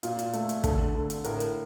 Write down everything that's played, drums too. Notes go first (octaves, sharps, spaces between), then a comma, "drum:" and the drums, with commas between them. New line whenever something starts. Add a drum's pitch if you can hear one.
A#2 F4, drum: hi-hat
drum: hi-hat
A3, drum: hi-hat
drum: hi-hat
D3 A4, drum: kick, hi-hat
D3
drum: hi-hat
A2 A#4, drum: hi-hat
drum: hi-hat